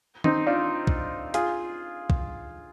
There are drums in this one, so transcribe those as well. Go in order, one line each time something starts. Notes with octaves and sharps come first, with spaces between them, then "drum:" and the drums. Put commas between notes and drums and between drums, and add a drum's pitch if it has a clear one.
C4 D#4, drum: tom D#3
D4 F4
drum: kick
F4 G#4, drum: hi-hat
drum: kick